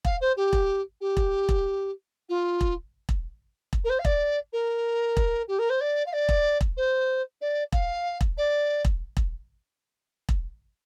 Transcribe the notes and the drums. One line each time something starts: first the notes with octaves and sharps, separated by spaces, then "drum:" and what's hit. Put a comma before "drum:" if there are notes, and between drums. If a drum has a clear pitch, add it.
F5, drum: kick E1
C5
G4
drum: kick E1
G4
drum: kick E1
drum: kick E1
F4
drum: kick E1
drum: kick E1
drum: kick E1
A#4
C5
F5
D5, drum: kick E1
A#4
drum: kick E1
G4
A#4
C5
D5
F5
D5
drum: kick E1
drum: kick E1
C5
D5
F5, drum: kick E1
drum: kick E1
D5
drum: kick E1
drum: kick E1
drum: kick E1